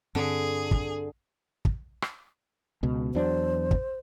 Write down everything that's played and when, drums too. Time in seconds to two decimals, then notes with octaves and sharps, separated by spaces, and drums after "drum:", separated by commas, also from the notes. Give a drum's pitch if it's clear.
0.15 G2 D3 C4 G#4 A4
0.71 drum: kick
1.65 drum: kick
2.02 drum: rim click
2.83 C#2 B2
3.15 E2 F#3 D4 C5
3.71 drum: kick